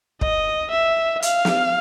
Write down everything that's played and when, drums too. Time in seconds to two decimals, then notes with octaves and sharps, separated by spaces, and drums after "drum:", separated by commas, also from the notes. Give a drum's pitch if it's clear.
0.21 D#5, drum: kick
0.72 E5
1.22 F5, drum: hi-hat
1.45 drum: snare